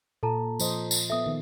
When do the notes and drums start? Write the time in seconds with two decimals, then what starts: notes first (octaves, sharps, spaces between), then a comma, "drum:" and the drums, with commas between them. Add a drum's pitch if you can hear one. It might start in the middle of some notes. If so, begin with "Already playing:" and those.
0.23 A#2 A4 A5 A#5
0.60 F3 C5 D#5, drum: tambourine
0.91 drum: tambourine
1.10 B3 A4 E5 D#6
1.26 D#3 B3